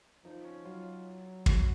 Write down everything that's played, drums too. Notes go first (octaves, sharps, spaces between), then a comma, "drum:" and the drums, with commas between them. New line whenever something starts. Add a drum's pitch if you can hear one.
F3 D#4
C#4
F#3 F4
F#4, drum: kick